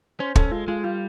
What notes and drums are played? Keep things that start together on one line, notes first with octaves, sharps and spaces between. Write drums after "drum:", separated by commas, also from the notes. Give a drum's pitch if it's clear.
C#4 C5
C#4 A4, drum: kick
G#3 F4
G#3 F4
G3 F4